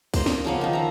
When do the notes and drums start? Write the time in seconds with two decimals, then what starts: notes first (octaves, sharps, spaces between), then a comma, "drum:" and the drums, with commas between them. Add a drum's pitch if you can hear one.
0.14 A#3 C5 D#5, drum: kick, open hi-hat
0.26 A#3, drum: snare
0.44 C#3 F3 A#3 B3
0.61 D#3 F3
0.73 E5 A#5